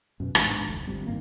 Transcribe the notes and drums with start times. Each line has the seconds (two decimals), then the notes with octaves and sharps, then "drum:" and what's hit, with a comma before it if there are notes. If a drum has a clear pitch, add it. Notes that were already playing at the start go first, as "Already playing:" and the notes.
0.20 F#2 B2
0.35 A1 E2 G#2 D4, drum: rim click
0.66 F1 D2
0.87 G1 G3 C4
1.07 G2 D#3 A#3